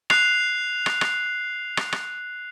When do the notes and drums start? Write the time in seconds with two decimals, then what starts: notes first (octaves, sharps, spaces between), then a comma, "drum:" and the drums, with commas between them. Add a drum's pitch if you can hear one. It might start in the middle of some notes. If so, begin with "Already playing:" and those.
0.10 F#6 C7 F7, drum: rim click
0.86 drum: rim click
1.01 drum: rim click
1.77 drum: rim click
1.92 drum: rim click